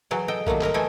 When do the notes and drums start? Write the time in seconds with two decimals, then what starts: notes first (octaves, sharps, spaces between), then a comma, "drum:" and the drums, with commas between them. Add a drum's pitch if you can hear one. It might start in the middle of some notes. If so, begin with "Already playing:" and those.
0.11 E3 F#3 G#4 G5
0.28 A4 D#5 G5
0.46 D#3 F#3 G3 A3 A#3, drum: kick
0.61 E4 A#4 D#5, drum: clap
0.74 E3 A3 A4 D#5 G5 G#5